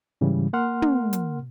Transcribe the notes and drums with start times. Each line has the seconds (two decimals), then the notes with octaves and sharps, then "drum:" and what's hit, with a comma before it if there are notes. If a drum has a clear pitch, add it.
0.21 G#2 C#3 E3 G3
0.53 A#3 A#4 F#5 C6 F6
0.82 drum: tom
1.13 drum: hi-hat